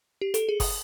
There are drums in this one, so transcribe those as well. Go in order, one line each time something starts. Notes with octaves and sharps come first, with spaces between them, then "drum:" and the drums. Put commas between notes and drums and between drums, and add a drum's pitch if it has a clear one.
G4
A4, drum: hi-hat
G#4
D#6, drum: kick F#1, open hi-hat